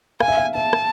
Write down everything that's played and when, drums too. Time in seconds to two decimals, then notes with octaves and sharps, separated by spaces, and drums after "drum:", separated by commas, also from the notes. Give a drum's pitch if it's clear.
0.20 F5 G#5, drum: rim click
0.28 E5
0.37 F5
0.55 E5 A5
0.73 drum: rim click